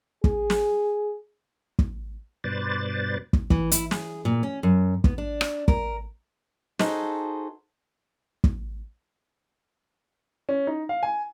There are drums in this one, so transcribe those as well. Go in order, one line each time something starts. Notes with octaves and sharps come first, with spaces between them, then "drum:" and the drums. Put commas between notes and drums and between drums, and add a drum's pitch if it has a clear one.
G#4, drum: kick
drum: snare
drum: kick
G2 B2 B4 C5 D5 A6
drum: kick
E3, drum: kick
E4, drum: hi-hat
G#4, drum: snare
A#2
C#4
F#2
B3, drum: kick
D4
drum: rim click
A#4, drum: kick
D#4 F#4 G#4 A4 C5, drum: snare
drum: kick
C#4
D#4
F5
G#5